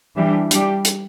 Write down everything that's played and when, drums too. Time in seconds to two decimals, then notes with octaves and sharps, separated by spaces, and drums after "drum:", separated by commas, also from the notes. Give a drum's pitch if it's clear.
0.16 E3 G3 D4 G4
0.51 G3 D4 G4, drum: hi-hat
0.85 drum: hi-hat